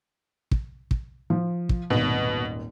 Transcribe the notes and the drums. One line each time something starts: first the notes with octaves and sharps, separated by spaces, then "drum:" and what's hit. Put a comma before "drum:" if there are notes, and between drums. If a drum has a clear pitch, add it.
drum: kick
drum: kick
F3
drum: kick
D#1 G#1 B2